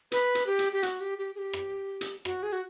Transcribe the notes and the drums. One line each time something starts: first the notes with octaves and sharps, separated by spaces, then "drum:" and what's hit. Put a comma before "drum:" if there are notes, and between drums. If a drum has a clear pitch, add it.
B4, drum: hi-hat
drum: hi-hat
G4
drum: hi-hat
G4
F#4, drum: hi-hat
G4
G4
G#4
G4
drum: rim click
drum: hi-hat
F#4, drum: rim click
G#4
F#4